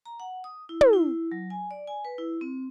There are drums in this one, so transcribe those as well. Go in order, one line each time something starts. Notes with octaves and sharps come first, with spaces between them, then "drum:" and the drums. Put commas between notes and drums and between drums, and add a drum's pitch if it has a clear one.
A#5
F#5
D#6
E4
drum: tom
E4
F#3
G#5
D5
G#5
B4
E4
C4